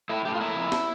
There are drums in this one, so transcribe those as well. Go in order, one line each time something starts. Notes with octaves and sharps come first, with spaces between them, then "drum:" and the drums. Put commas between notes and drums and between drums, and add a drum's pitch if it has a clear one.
A2 E4
A2 G4
F4
A#3 E4
F2
drum: snare